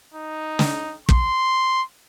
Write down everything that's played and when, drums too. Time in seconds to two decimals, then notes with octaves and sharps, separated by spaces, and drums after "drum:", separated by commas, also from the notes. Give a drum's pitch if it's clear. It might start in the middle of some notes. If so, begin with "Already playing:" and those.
0.14 D#4
0.59 drum: snare
1.09 C6, drum: kick